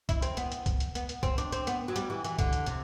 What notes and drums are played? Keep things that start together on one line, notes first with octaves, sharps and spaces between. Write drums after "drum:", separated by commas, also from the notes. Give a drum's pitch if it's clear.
E4, drum: kick, hi-hat
C4, drum: hi-hat
B3, drum: hi-hat
drum: hi-hat
drum: kick, hi-hat
drum: hi-hat
B3, drum: hi-hat
drum: hi-hat
C4, drum: kick, hi-hat
D4, drum: hi-hat
C4, drum: hi-hat
B3, drum: hi-hat
F#3
G3, drum: hi-hat
E3
E3, drum: hi-hat
D3, drum: kick, hi-hat
drum: hi-hat
C3, drum: hi-hat